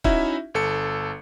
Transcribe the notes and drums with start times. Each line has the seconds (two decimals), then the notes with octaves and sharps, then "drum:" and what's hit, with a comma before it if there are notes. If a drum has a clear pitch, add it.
0.04 C#4 D#4 E4 F#4 E5, drum: kick
0.54 G1 A4 C#7